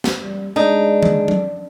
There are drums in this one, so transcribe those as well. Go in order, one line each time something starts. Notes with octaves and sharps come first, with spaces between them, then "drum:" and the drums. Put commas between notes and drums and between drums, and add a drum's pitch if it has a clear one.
drum: snare
G3
G#3 D4 D#4
drum: tom D#3
drum: tom F#3